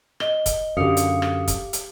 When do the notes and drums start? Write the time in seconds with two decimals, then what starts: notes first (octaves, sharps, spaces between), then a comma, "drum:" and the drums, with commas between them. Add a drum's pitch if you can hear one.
0.20 D#5 G7, drum: rim click
0.46 drum: kick, hi-hat
0.77 F#2 D3 G4 F5 D#6 C#7
0.97 drum: hi-hat
1.22 drum: rim click
1.48 drum: kick, hi-hat
1.73 drum: hi-hat